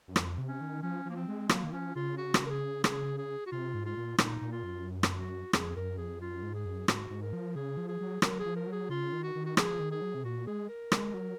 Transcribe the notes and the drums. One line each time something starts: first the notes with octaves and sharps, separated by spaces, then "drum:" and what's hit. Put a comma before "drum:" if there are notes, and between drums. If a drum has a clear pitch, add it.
F#2
F2, drum: rim click
C3
C#4
D#3
F3 C#4
F3 A#3
C4
G#3
F#3 A#3, drum: rim click
D#3
F3 C#4
C#3 F4
F#4
drum: rim click
A#4
G#4
G#4, drum: rim click
G#4
F#4
C3 F4
G#2
F4
A#2
A#2 D#4, drum: rim click
A#2
F4
F#2
drum: rim click
F#4
F2 G#4, drum: rim click
F#2 A#4
F2 G#4
F#2 F4
G#2
G#4
F#2
G#2 F#4, drum: rim click
G#2
A#4
F3
C#3 G#4
F3
G#4
F#3
F#3 A#4, drum: rim click
G#4
F3
A#4
F#3
G#4
C#3 F4
D#3
F#4
D#3
F#4
F3 G#4, drum: rim click
D#3
G#4
F#3
C3
A#2 F#4
G#3 G#4
A#4
G#3, drum: rim click
F#3